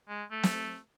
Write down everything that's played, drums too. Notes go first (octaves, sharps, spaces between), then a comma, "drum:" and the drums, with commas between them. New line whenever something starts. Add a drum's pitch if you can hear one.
G#3
A3
drum: snare